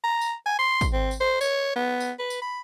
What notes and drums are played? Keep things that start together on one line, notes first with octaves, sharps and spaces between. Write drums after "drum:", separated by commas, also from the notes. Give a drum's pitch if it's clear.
A#5
drum: tambourine
G#5
C6
drum: kick, tambourine
C4
drum: tambourine
C5
C#5, drum: tambourine
B3
drum: tambourine
B4
drum: tambourine
B5